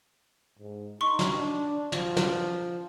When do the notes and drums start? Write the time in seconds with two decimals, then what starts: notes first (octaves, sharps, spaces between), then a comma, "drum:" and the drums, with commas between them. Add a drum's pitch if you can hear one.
0.59 G#2
1.01 D#4 C6 C#6
1.19 drum: snare
1.38 D4
1.92 F3, drum: snare
2.17 drum: snare